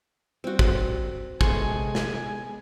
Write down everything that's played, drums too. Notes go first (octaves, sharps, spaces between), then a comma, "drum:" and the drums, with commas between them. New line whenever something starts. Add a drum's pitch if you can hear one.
G3 C4 F#4
drum: kick
C3 G#3 B3 G#4 A4 G#5 C6 C#6, drum: kick
drum: snare